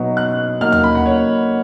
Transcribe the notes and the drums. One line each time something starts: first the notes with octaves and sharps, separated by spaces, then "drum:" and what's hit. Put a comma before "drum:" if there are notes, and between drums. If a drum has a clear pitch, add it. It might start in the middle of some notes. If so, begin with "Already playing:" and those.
Already playing: B2 F#3 B3 D#4
F#6
F#3 A#3 D#4 F6
F6, drum: tom D#2
B5
F#5
C#5